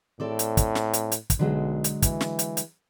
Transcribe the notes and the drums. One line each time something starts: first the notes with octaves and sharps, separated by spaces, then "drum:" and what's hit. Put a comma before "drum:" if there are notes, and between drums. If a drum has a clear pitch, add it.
A2 C4 A4 D5
drum: hi-hat
drum: kick, hi-hat
drum: snare
drum: hi-hat
drum: hi-hat
drum: kick, hi-hat
B1 D3 F#3 G#3
drum: hi-hat
E3, drum: kick, hi-hat
drum: snare
drum: hi-hat
drum: hi-hat